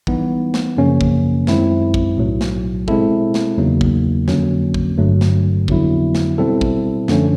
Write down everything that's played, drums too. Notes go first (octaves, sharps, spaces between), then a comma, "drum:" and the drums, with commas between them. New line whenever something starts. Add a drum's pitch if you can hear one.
E3 G3 B3 D#4, drum: kick
drum: snare
F#2 C#3 F3 A#3 C#4
drum: kick
F#2 D#3 G#3 C4 E4, drum: snare
drum: kick
B1 A2 F#3
drum: snare
B2 G#3 C4 E4 A4, drum: kick
drum: snare
E2 C#3 F#3 A#3 D#4
drum: kick
F2 D3 F#3 A#3 C#4, drum: snare
drum: kick
G1 G2 D3 F#3 A3
drum: snare
F2 D3 F#3 B3 E4, drum: kick
drum: snare
B2 G3 C4 E4 A4
drum: kick
F#2 D3 F3 A3 C#4, drum: snare